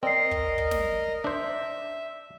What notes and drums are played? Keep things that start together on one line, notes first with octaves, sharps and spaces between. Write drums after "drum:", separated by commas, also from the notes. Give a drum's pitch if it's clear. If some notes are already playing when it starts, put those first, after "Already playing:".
C4 A#4 D5 D#5 C7
drum: kick
drum: kick
drum: snare
D4 C5 E5